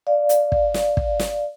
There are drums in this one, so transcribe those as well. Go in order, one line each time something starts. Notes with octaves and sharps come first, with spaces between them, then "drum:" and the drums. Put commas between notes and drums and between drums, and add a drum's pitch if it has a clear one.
D5 F5
drum: hi-hat
drum: kick
drum: snare
drum: kick
drum: snare